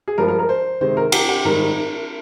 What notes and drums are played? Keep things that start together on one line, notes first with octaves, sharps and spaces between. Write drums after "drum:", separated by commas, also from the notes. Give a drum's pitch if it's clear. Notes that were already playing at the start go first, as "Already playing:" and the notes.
G#4
G2 F3 G#3 A#4
A#4
A#4
C5
C3 D#3 G#3 C5
A#4
G4, drum: cymbal
G4
G#2 D#3 G3 A#4